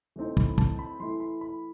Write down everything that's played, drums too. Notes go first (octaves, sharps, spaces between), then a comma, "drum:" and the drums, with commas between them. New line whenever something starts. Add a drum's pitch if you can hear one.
E3 A3 C4 D#4
B5, drum: kick
A5, drum: kick
B5
E3 A3 E4 C6
B5
B5